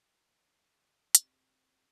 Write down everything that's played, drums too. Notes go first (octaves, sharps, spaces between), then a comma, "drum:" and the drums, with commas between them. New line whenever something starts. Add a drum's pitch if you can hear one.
C3, drum: hi-hat